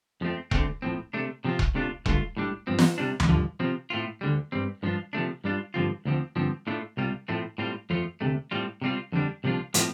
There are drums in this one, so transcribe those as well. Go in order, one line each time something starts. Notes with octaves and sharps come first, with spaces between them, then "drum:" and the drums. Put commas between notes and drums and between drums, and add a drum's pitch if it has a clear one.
F2 F3 A3 C4
D2 D3 A3 C4, drum: kick E1
A2 F3 C4
C3 A3 D4
C3 F3 C4 F4
drum: kick E1
C3 A3 D4 F4
G2 D3 A3 F4, drum: kick E1
A2 G3 D4
G2 F3 C4
drum: snare
C3 G3 D4
drum: tom D2
G2 D3 F3
C3 F3 C4 F4
A2 A3 C4 F4
D2 D3 G3
G2 G3 C4
G2 F3 D4 F4
C3 F3 A3 D4
G2 G3 D4 F4
G2 D3 F3 C4 F4
D2 D3 F3 C4
G2 D3 F3 C4
A2 A3 D4 F4
C2 C3 G3 F4
A2 F3 A3 C4
A2 G3 C4 F4
F2 F3 A3 F4
D2 C3 A3
A2 G3 C4 F4
C3 G3 C4 F4
F2 D3 G3 D4
C2 C3 F3 D4 F4
A2 F3 C4, drum: hi-hat